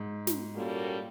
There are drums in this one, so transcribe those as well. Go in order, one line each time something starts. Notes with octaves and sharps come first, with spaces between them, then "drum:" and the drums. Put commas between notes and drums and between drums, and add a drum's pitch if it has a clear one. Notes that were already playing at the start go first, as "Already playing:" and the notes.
Already playing: G#2
drum: snare
A#2 G3 A#3 C#4 F#4 A4